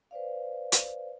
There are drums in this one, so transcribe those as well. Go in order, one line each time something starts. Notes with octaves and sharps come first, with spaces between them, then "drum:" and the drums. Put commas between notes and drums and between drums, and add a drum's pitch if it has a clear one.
B4 C5 D5 F5
drum: hi-hat